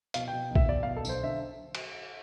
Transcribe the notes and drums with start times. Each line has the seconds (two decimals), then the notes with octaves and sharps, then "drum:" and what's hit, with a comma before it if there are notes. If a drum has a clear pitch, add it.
0.14 B2 F5, drum: hi-hat
0.28 B2 G5
0.50 B1
0.55 E5, drum: kick
0.69 B2 D5
0.83 B2 F5
0.96 A4
1.05 B1 C5, drum: tambourine
1.22 D3 E5
1.75 drum: cymbal